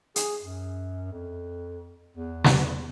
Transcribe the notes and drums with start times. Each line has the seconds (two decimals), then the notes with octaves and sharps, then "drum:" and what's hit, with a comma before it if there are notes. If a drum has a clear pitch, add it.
0.16 G#4, drum: hi-hat
0.42 F#2
1.12 F2
2.17 E2
2.44 drum: snare